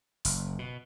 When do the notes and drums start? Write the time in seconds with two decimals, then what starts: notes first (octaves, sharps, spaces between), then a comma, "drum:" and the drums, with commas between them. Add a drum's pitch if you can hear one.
0.25 F#1, drum: open hi-hat
0.59 B2